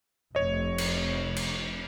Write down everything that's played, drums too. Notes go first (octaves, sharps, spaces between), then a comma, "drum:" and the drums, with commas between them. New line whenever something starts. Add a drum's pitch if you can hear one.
F1 C#5 D#5
drum: cymbal
drum: cymbal